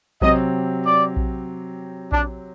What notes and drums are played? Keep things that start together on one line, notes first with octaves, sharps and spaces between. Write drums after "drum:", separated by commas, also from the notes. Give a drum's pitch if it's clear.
C3 F#3 C4 G4 D#5, drum: kick A#1
D5
drum: kick A#1
D4, drum: kick A#1